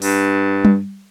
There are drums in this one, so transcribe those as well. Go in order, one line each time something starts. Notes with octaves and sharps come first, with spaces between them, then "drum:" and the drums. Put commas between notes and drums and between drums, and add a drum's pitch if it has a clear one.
G2, drum: open hi-hat
drum: tom G3